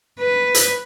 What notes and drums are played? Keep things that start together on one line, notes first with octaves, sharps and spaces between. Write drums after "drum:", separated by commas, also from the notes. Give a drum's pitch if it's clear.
B4
drum: hi-hat